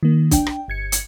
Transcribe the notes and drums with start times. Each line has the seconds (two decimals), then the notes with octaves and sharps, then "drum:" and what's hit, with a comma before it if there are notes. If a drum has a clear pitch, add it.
0.03 D#3 A#3
0.31 D4 G5, drum: kick B1, hi-hat
0.47 drum: rim click
0.68 G1 G#6 C#7
0.92 drum: hi-hat